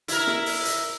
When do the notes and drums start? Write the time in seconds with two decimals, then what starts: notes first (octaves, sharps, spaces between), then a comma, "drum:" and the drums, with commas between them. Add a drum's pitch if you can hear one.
0.08 E4 A#4, drum: hi-hat
0.27 drum: snare
0.46 drum: open hi-hat
0.65 drum: hi-hat